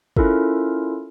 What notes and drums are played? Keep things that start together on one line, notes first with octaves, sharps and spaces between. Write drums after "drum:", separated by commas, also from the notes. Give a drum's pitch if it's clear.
C#4 E4 F4 A4 A#4, drum: kick